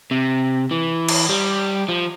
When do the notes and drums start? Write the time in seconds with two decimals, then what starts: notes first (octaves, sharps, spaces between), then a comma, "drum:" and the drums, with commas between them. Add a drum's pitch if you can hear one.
0.11 C3
0.71 E3
1.09 drum: cymbal
1.29 G3
1.89 F3